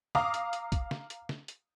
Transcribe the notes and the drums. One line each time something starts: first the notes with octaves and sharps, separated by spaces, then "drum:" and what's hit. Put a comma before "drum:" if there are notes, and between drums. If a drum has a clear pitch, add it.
F5 A#5 D6 D#6, drum: snare
drum: hi-hat
drum: hi-hat
drum: kick, hi-hat
drum: snare
drum: hi-hat
drum: snare
drum: hi-hat